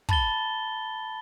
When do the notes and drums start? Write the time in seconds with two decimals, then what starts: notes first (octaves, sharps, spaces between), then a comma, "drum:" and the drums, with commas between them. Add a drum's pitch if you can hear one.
0.09 A5 B5 A6 G7, drum: kick